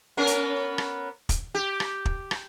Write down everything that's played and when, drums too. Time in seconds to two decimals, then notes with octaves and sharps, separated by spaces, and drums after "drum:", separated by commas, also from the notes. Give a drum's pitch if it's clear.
0.17 B3 C#4 A#4
0.27 drum: hi-hat
0.78 drum: rim click
1.29 drum: kick, hi-hat
1.55 G4
1.80 drum: rim click
2.05 drum: kick
2.31 drum: rim click